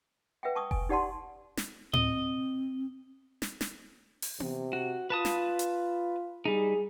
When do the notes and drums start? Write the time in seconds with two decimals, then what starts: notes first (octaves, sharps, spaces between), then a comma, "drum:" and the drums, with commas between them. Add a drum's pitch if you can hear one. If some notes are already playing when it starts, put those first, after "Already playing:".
0.43 B4 E5 F#5 G5
0.55 A5 C#6 D#6
0.71 G#5, drum: kick F1
0.89 D#4 G4 D5 F#5 A5 C6
1.57 drum: snare
1.93 C4 D#5, drum: tom A2
3.42 drum: snare
3.61 drum: snare
4.22 drum: open hi-hat
4.40 C3, drum: tom B3
4.73 F#4
5.10 F4 B4 A5 D#6
5.25 drum: snare
5.59 drum: hi-hat
6.45 G3 D#4 G#4